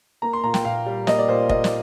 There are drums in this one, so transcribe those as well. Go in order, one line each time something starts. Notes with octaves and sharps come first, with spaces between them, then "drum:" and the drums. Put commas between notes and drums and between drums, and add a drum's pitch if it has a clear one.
A#3 A#5
C6
A#2 A#5
G5, drum: snare
A#2 F5
G3
A#3 D#5, drum: snare
D5
A#2 C5
A#2 D#5, drum: kick
drum: snare